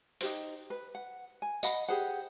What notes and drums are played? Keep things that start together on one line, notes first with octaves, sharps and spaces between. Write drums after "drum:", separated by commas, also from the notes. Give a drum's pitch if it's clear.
D#4 G4 C5, drum: open hi-hat
B4
F#5
G#5
D#5 F#5 B5, drum: tambourine
G4 G#4 C5 F#5